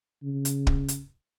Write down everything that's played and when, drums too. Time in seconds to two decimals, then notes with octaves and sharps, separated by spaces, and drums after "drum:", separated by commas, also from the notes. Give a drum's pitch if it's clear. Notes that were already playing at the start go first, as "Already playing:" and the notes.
0.23 C#3
0.45 drum: hi-hat
0.67 drum: kick
0.88 drum: hi-hat